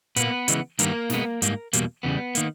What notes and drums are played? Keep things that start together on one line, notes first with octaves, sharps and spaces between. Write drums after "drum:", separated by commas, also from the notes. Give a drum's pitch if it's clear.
A#2 A#3 B3 B4, drum: hi-hat
C#3 E3 G#3, drum: hi-hat
G2 D#3 G3 A#3 B3 A#4, drum: hi-hat
B2 G#3 B3, drum: snare
G#2 G3 A#3, drum: hi-hat
E2 B2 G3 A#3, drum: hi-hat
E2 C#3 G3 B3
D#3 A#3, drum: hi-hat